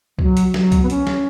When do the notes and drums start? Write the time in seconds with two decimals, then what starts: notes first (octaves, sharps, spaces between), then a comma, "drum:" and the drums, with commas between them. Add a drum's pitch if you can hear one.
0.19 F#3, drum: kick C2
0.37 drum: hi-hat
0.54 F#3, drum: snare
0.72 drum: kick C2, hi-hat
0.83 B3
0.90 C#4, drum: hi-hat
1.07 drum: snare